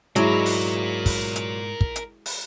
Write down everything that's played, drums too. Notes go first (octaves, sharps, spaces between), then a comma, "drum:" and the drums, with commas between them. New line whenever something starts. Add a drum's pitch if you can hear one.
G#2 F#3 G#3 E4 A#4 D5, drum: hi-hat
drum: open hi-hat
drum: kick, open hi-hat
drum: hi-hat
drum: kick
drum: hi-hat
drum: open hi-hat